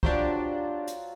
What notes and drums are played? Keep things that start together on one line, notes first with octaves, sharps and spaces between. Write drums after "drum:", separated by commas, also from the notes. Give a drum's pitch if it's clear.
F#3 D4 F4 G4 C5 F#5, drum: kick
drum: hi-hat